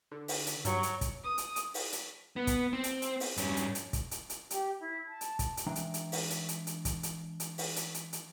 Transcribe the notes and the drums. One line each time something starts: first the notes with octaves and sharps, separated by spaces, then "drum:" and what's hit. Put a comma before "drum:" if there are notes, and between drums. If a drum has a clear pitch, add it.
D3
drum: open hi-hat
drum: hi-hat
G2 F#3, drum: hi-hat
drum: hi-hat
drum: kick, hi-hat
D#6
drum: hi-hat
drum: hi-hat
drum: open hi-hat
drum: hi-hat
B3
drum: kick, hi-hat
C4
drum: hi-hat
drum: hi-hat
drum: open hi-hat
G2 C#4, drum: hi-hat
drum: hi-hat
drum: hi-hat
drum: kick, hi-hat
drum: hi-hat
drum: hi-hat
G4, drum: hi-hat
E4
A5
drum: hi-hat
drum: kick, hi-hat
drum: hi-hat
E3 G#3 D4 E5 G5 A#5
drum: hi-hat
drum: hi-hat
drum: open hi-hat
drum: hi-hat
drum: hi-hat
drum: hi-hat
drum: kick, hi-hat
drum: hi-hat
drum: hi-hat
drum: open hi-hat
drum: hi-hat
drum: hi-hat
drum: hi-hat